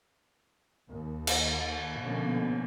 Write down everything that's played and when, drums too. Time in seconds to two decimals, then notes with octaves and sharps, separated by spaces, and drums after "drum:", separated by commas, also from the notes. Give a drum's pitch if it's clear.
0.89 D#2
1.27 drum: cymbal
2.00 B2 D3 F3 A#3 B3 C#4